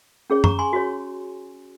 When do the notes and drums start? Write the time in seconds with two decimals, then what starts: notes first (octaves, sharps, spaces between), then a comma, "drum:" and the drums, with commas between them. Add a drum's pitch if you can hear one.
0.30 C#4 G#4 C#5
0.44 A#5 C#6, drum: tom F#2
0.59 G#5 C6
0.73 F#4 C#5